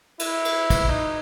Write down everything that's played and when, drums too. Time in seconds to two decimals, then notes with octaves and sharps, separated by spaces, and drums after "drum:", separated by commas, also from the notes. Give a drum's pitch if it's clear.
0.19 E4, drum: cymbal
0.45 drum: cymbal
0.70 drum: kick, cymbal
0.89 D#4